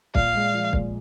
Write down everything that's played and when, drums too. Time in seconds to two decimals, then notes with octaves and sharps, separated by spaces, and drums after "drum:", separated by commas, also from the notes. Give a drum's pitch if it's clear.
0.15 A#2 F5, drum: kick
0.35 G#3
0.54 F3
0.73 A#2, drum: kick